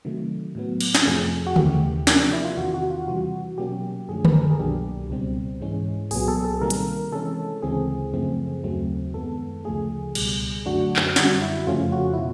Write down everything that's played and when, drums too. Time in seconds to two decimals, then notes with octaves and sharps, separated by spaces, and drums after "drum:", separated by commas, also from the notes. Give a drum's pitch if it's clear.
0.05 C3 D#3 F#3 A3
0.55 A2 F#3 B3
0.81 drum: cymbal
0.95 drum: snare
1.05 F2 C3 F3 A3 G#4
1.47 F#4
1.56 D#2 C#3 E3 A3 G4, drum: tom D3
2.07 C3 F3 A#3 D4, drum: snare
2.33 E4
2.45 F4
2.57 E2 C3 D#3 F#4
2.74 F#4
2.90 F4
3.08 C3 E3 G3 F#4
3.58 B2 F#3 A#3 C#4 G4
4.09 F#2 D3 F3 A3 G#4
4.25 B4, drum: tom D3
4.33 A#4
4.42 A4
4.51 G#4
4.59 C2 B2 F#3 A#3 D4 G4
5.10 C#2 B2 G3 C4
5.61 G#2 E3 G#3 C#4
6.11 C2 A#2 F#3 B3 G#4, drum: open hi-hat
6.28 A4
6.45 A4
6.61 C3 D#3 G3 A#3 A#4
6.70 drum: hi-hat
7.12 C3 E3 G#3 C#4 A4
7.63 D2 C#3 E3 G#3 C4 G#4
8.13 F#2 C#3 F3 A3 C4
8.63 D#2 C#3 F#3 A3 C4
9.14 F#2 D#3 G#3 B3 A4
9.65 D2 C#3 F3 A3 G#4
10.15 C#2 B2 G3, drum: cymbal
10.66 F#2 D3 F#3 A3 D4 F#4
10.96 drum: clap
11.16 F#2 D3 G3 F#4, drum: snare
11.42 E4
11.67 F2 C#3 F3 A3 C#4 F4
11.92 F#4
12.14 E4
12.17 B2 F4